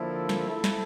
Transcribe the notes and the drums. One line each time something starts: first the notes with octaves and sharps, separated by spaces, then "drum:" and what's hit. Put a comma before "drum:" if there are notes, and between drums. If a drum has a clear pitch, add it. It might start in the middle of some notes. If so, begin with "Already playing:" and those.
Already playing: D3 F3 A#3 E4 A4
drum: snare
A3 E4 A4
drum: snare